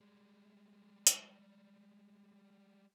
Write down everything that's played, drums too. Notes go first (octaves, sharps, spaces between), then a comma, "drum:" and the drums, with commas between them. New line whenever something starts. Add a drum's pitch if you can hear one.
G3 G#3
drum: hi-hat